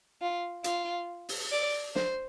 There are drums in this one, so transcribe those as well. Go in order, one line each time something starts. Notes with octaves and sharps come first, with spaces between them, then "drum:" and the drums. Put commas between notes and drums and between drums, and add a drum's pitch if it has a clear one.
F4
F4, drum: hi-hat
drum: open hi-hat
D5
C5, drum: snare